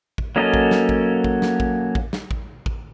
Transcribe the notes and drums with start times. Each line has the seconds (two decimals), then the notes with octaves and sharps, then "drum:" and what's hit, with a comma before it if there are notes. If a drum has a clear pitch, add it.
0.18 drum: kick A1
0.36 F#3 A#3 C#4 A4 D#5
0.54 drum: kick A1
0.71 drum: snare
0.89 drum: kick A1
1.24 drum: kick A1
1.42 drum: snare
1.60 drum: kick A1
1.95 drum: kick A1
2.13 drum: snare
2.31 drum: kick A1
2.66 drum: kick A1